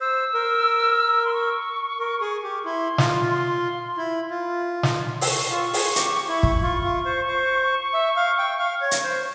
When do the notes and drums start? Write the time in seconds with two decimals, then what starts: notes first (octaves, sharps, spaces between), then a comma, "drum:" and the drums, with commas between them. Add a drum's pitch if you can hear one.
0.01 C5 E6
0.34 A#4
1.25 C6
1.33 C#6
1.99 A#4
2.21 G#4
2.43 G4
2.65 E4 C6
2.98 F4, drum: snare
3.31 C6
3.97 E4
4.30 F4
4.83 drum: snare
5.21 E6, drum: open hi-hat
5.30 C#6
5.51 F4
5.74 G#4, drum: open hi-hat
5.96 G4, drum: hi-hat
6.29 E4
6.43 drum: kick
6.62 F4 C#6
6.84 F4
7.06 C5
7.28 C5
7.94 E5
8.16 F5
8.38 G5
8.59 F5
8.82 C#5
8.91 drum: hi-hat
9.04 C5